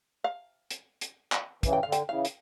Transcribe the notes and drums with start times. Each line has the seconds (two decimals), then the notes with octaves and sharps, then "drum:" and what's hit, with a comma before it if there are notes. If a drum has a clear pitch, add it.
0.24 F5
0.71 drum: hi-hat
1.01 drum: hi-hat
1.32 drum: clap
1.63 C#3 E3, drum: kick, hi-hat
1.73 G5
1.83 D3 F5
1.92 G5, drum: hi-hat
2.09 C#3 E3 F5
2.25 drum: hi-hat